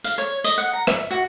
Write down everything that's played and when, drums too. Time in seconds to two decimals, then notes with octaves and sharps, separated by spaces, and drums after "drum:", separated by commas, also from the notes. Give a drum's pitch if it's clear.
0.04 F5, drum: tambourine
0.18 C#5
0.44 D#5, drum: tambourine
0.58 F#5
0.73 A#5
0.87 E5, drum: rim click
1.11 F#4